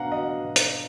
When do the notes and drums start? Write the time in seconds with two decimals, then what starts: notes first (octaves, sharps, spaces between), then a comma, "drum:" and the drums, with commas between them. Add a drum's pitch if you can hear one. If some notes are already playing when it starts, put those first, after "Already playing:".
Already playing: B2 D4 F5 F#5 A#5
0.11 B2 D#5 F#5
0.44 B2
0.56 drum: hi-hat